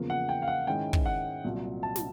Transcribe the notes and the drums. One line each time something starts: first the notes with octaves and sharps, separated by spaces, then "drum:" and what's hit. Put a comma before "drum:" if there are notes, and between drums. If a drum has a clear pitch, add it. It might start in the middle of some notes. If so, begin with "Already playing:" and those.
Already playing: E2 C#3 F3 A#3
F#5
G5
F5
F#5
G#2 D#3 G#3 C#4 E4 G5
drum: kick
F#5
C2 A#2 F#3
A5
drum: snare